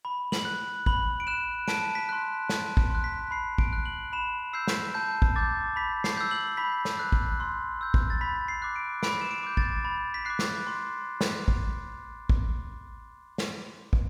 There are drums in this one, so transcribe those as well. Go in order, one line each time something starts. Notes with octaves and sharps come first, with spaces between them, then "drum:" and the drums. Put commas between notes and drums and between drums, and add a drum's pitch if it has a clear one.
B5
F#7, drum: snare
F#6
B5 F#7, drum: kick
D7
F#6 E7
A5 D7, drum: snare
B6
C6 F#6
A5 B6, drum: snare
drum: kick
C6 F#6
B6
B5 C7
D7, drum: kick
F#6
F#7
B5 E7
E6 G6 C7
drum: snare
A5 G6
drum: kick
D6 G6 A6
B5 B6
C7, drum: snare
E6 G6
F#7
B5 B6
drum: snare
F#6
drum: kick
C6
E6 G6
drum: kick
A6
B5 B6
C7
D6 F#6
D7
B5 D7, drum: snare
E7
D7
D6 G6
A6, drum: kick
B5 A6
B6
D6 F#6 C7
drum: snare
C6
drum: snare
drum: kick
drum: kick
drum: snare
drum: kick